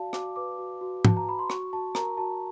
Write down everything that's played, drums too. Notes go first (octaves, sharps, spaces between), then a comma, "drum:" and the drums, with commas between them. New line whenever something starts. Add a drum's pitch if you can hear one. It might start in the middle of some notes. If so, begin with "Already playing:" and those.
Already playing: F#4 D5 F5 A5
F#4 D6, drum: rim click
B4 D6
F#4
F#4
F#4 A5, drum: tom G#2
A#5
F#4 B5
C6
F#4 C#6, drum: rim click
F#4 A5
A#4 A#5, drum: rim click
F#4 A5